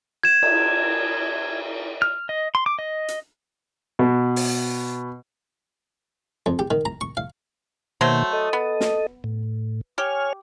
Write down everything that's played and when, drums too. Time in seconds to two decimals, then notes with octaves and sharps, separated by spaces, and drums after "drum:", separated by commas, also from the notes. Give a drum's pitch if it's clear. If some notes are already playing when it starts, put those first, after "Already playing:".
0.23 G#6 E7
0.42 drum: cymbal
2.02 F6
2.29 D#5
2.55 C6
2.66 D6
2.79 D#5
3.08 drum: hi-hat
3.99 B2
4.36 drum: open hi-hat
6.46 F2
6.59 G4
6.71 D#3
6.85 A#5
7.01 C#6
7.17 F5
8.01 B2 D#3 F#3 A3 A#3 C5
8.33 A4 D#5
8.53 B3
8.81 drum: snare
9.24 A2
9.98 G4 C#5 G#5 F6